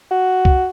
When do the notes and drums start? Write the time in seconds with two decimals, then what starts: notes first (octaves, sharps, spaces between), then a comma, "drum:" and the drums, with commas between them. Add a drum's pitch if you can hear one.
0.11 F#4
0.45 drum: kick C2